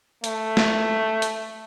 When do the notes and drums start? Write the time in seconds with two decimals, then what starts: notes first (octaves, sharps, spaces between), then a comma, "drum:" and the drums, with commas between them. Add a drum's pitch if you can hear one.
0.24 A3, drum: hi-hat
0.57 drum: snare
1.22 drum: hi-hat